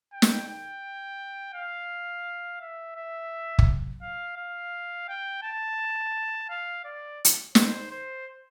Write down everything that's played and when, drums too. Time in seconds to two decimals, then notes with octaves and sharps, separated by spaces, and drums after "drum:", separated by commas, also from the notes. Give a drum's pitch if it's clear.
0.13 G5
0.22 drum: snare
0.48 G5
1.54 F5
2.60 E5
2.96 E5
3.59 drum: kick
4.02 F5
4.37 F5
5.08 G5
5.43 A5
6.50 F5
6.84 D5
7.25 drum: hi-hat
7.55 C5, drum: snare
7.91 C5